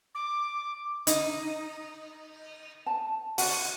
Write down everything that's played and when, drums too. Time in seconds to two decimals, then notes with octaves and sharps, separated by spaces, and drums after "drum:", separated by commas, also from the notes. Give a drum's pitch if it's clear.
0.15 D6
1.07 D#4, drum: hi-hat
2.86 A5
3.38 F#4 D5 F#5, drum: open hi-hat